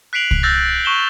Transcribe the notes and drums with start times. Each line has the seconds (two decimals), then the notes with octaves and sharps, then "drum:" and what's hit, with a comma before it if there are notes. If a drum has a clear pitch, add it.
0.13 F#6 B6 C7 D7 F7 F#7
0.31 drum: kick C2
0.43 E6 F#6 G6 A6 A#6
0.85 C#6 E7 G7